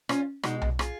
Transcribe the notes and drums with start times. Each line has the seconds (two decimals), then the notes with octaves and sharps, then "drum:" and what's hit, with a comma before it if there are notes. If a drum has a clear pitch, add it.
0.09 C#4 F4, drum: rim click
0.43 B2 G#3 D#4 F#4, drum: rim click
0.62 drum: tom B1
0.79 F4 G#4, drum: rim click